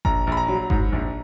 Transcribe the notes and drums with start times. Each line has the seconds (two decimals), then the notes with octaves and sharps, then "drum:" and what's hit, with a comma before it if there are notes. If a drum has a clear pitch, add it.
0.05 A#1 A#5, drum: kick G1
0.27 A#1 B5
0.37 A#5
0.49 F#3
0.70 G#2, drum: kick G1
0.92 A#1